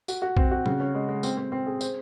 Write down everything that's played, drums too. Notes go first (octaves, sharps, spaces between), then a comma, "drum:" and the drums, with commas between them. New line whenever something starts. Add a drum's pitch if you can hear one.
F#4, drum: tambourine
F#4
C4, drum: kick
F#4
C#3, drum: tom
C#4
G#3
G#3
C4, drum: tambourine
C4
C4
G#4
C5, drum: tambourine